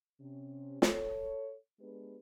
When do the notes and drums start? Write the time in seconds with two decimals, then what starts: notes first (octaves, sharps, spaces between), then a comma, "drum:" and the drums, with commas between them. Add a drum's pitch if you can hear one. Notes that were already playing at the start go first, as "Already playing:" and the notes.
0.20 C3 C#4
0.82 A4 C#5, drum: snare
1.80 G#3 B3 D4 G4 G#4 B4